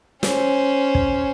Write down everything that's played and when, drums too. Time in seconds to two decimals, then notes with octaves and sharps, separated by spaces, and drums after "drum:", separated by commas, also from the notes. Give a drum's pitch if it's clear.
0.23 C#4 C5, drum: snare
0.95 drum: kick